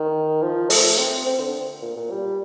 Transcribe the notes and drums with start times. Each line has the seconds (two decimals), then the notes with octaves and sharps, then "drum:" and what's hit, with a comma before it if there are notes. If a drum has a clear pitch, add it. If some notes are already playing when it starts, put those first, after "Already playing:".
Already playing: D#3
0.42 F3
0.70 A3, drum: open hi-hat
0.98 C4
1.26 C4
1.40 D3
1.82 A#2
1.96 A#2
2.11 G3